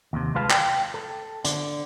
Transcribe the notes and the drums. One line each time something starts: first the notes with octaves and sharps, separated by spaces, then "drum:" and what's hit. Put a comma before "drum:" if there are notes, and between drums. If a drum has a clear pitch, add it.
D#2 C3
C2 G#3 F4 B4 F5 A5
G5, drum: clap
A4
D3, drum: hi-hat